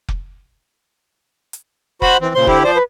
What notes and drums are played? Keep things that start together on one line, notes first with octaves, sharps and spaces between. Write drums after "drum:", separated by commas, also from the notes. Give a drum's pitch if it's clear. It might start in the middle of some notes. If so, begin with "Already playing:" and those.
drum: kick F1
drum: hi-hat
F#4 C5 B5, drum: kick F1
E3 C4
A#2 C#3 C5 C6
D3 E4 G4, drum: kick F1
F3 C5 D5
B4